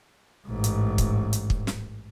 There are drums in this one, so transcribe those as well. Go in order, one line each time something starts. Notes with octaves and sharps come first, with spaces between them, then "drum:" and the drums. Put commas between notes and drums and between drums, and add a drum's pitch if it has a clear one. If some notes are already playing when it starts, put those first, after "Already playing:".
A1 G#2
drum: hi-hat
drum: kick, hi-hat
drum: hi-hat
drum: kick
drum: snare